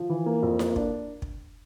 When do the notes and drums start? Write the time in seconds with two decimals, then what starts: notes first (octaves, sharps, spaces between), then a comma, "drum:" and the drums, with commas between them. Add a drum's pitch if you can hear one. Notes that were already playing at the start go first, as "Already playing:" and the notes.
Already playing: F3
0.10 E3
0.26 A#3
0.43 F2
0.59 A#3, drum: snare E4
0.76 D4, drum: kick
1.22 drum: kick